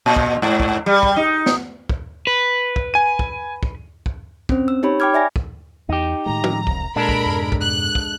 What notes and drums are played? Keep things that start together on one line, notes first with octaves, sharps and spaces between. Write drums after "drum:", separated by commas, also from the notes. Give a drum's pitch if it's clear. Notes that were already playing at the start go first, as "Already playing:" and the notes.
A#2
drum: kick
G#2
drum: kick
G3
drum: kick
D#4
drum: snare
drum: kick
B4
drum: kick
G#5 D#7
drum: kick
drum: kick
drum: kick
C4 C#4 C5, drum: kick
E6
D#4 G4 C#5 B5
G5 B5 D6 F6 G#6
D5 E5 G#5 A#6
drum: kick
E2 D#4 G4
A2 D#3 G#3 A#5
drum: tom F3
E1 C2, drum: kick
A#2 G#3 D4 A4 A#4 B5 D7
drum: kick
F2 G#2 B2
drum: kick
F#6
drum: kick